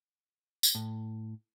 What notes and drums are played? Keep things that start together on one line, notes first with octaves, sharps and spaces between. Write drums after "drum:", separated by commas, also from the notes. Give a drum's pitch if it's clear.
drum: tambourine
A2